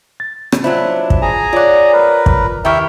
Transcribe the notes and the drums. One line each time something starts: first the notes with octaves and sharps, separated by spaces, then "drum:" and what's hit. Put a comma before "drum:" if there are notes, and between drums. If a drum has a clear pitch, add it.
A6
drum: rim click
F#3 D4 E4 F4 C5
drum: kick
G#4 G#5 A#5
F4 C#5 D5 F#5 D6
A#4 B4
drum: kick
D#2 D#3 E4 G4 E5 G5 C#6 F6